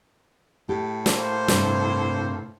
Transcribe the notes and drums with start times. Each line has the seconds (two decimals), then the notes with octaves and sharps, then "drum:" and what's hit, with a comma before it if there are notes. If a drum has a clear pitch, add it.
0.69 A2 G4
1.06 A#3 C5, drum: snare
1.48 G2 C3 D#5, drum: snare